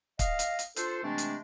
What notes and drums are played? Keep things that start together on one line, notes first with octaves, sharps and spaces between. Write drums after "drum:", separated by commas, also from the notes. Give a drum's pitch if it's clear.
D#5 F5, drum: kick, hi-hat
drum: hi-hat
drum: hi-hat
D4 F4 A4 C5, drum: hi-hat
C3 E3 G#3 A3 C4 D4
drum: hi-hat